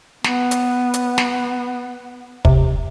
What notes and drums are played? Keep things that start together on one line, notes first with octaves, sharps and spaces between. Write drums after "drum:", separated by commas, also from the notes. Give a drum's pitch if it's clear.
B3, drum: snare
drum: hi-hat
drum: hi-hat
drum: snare
C3, drum: kick